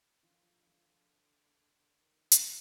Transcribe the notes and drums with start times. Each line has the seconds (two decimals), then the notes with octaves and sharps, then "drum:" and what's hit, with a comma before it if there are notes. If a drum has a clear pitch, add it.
0.23 D3 F3 F4
0.33 D#3
0.44 D3
0.67 F3 F4
2.02 D#3
2.32 drum: hi-hat